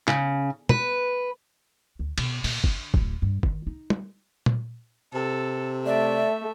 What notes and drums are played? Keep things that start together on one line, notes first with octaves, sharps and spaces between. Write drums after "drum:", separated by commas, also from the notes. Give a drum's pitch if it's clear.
C#3, drum: clap
B4, drum: tom
D2
B2, drum: cymbal
A#2, drum: open hi-hat
D3, drum: kick
D1, drum: kick
G2
D#3, drum: kick
D#4
drum: tom
drum: tom A#2
C3 A4
A3 D5 E5